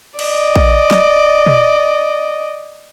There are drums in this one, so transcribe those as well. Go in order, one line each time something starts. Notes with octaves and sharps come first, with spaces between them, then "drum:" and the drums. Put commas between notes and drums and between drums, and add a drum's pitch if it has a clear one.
D5 D#5, drum: cymbal
drum: kick A#1
drum: snare
drum: tom